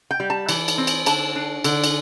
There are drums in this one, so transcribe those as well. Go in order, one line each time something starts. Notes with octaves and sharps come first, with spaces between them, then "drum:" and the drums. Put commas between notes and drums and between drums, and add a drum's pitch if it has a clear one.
G5
G3
A5
E3, drum: cymbal
drum: cymbal
C4
drum: cymbal
D3 A5, drum: cymbal
D4
D3, drum: cymbal
drum: cymbal